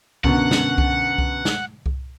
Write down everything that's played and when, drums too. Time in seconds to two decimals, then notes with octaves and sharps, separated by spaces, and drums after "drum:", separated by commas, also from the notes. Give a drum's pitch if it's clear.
0.24 F#2 B2 D3 F#5, drum: kick C2
0.51 drum: snare
0.78 drum: kick C2
1.18 drum: kick C2
1.45 drum: snare
1.86 drum: kick C2